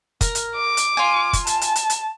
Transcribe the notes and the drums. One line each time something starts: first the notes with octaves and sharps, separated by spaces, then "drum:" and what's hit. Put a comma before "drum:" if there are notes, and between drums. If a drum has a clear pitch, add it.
A#4, drum: kick, hi-hat
drum: hi-hat
D6
drum: hi-hat
F4 G#5
drum: kick, hi-hat
A5, drum: hi-hat
drum: hi-hat
drum: hi-hat
drum: hi-hat